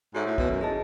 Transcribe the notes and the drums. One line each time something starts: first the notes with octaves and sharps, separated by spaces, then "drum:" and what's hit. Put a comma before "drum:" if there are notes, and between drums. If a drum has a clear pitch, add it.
G#2 F#4 A4 C#5 E5
A2
B2, drum: kick
F#2
G#4 D#5 A5